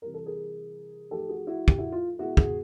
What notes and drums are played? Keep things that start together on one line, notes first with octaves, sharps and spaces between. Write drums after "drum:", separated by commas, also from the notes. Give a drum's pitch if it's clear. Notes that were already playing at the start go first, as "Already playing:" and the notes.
C3 E3 G3 A#4
A4
G#4 A#4
G#2 F3 A3 G4 A4
F#4 G#4
E4 F#4
G4, drum: kick
E4 F#4
F4
B2 G#3 E4 F#4
F#4 G#4, drum: kick